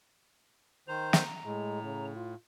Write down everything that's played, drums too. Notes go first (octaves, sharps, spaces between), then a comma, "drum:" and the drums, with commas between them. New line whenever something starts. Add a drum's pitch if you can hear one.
D#3 C5 A#5
drum: snare
A2 G#3
C#3
F4